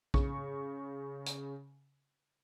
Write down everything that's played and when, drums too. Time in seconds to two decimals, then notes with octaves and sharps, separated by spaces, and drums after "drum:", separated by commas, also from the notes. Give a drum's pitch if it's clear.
0.14 C#3 C#6, drum: kick A#1
1.26 drum: hi-hat